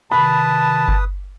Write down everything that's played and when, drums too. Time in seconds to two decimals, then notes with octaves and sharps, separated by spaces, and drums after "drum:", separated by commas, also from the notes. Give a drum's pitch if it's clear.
0.12 C3 D#3 B4 A5 B5 D#6
0.88 drum: kick G1